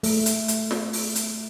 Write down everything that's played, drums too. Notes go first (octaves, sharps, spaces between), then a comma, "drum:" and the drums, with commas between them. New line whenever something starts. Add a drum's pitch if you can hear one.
A3, drum: open hi-hat
drum: hi-hat
drum: hi-hat
drum: snare
drum: open hi-hat
drum: hi-hat